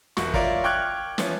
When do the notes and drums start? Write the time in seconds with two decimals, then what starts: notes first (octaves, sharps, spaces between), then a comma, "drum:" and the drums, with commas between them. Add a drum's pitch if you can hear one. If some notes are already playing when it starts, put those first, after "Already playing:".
0.17 E1 E3 F#4 C#6, drum: snare
0.34 F4 A#4 C#5 D5 E5, drum: kick
0.64 G5 C#6 D6 F6 F#6 G#6
1.18 E3 F3 B3 C#4, drum: snare